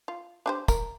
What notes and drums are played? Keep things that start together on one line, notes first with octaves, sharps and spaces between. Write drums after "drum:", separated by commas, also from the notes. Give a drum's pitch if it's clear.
F4
D4 G4 C5
A#4, drum: kick, tambourine